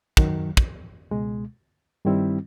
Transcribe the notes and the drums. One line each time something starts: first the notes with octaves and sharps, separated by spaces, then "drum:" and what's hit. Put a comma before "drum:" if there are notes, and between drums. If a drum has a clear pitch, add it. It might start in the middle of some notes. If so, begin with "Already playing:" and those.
F#2 D#3 F#3, drum: kick
drum: kick
C#2 B2 G#3
G2 D#3 G3 C4 E4